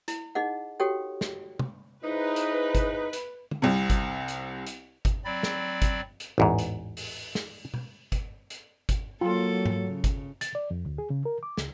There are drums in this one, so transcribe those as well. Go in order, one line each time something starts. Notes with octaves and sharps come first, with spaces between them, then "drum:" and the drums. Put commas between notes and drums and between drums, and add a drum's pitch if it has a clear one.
E4, drum: hi-hat
D#4 G#4 D#5 F#5
F#4 G4 A4 C#5 G5
drum: snare
drum: tom
D#4 E4 G#4 B4 C5
drum: hi-hat
drum: kick G1, hi-hat
drum: hi-hat
drum: tom
C2 C3
drum: kick G1, hi-hat
drum: hi-hat
drum: hi-hat
drum: kick G1, hi-hat
F#3 C4 D5 B5
drum: snare
drum: kick G1, hi-hat
drum: hi-hat
A1 E2 G#2
drum: hi-hat
drum: open hi-hat
drum: snare
drum: tom B2
drum: kick G1, hi-hat
drum: hi-hat
drum: kick G1, hi-hat
F#3 A#3 F4 A4
drum: tom G#2
C#3
drum: kick G1, hi-hat
A6, drum: hi-hat
D5
F2
D2
G#4
C#3
A#4
D6
C#2, drum: snare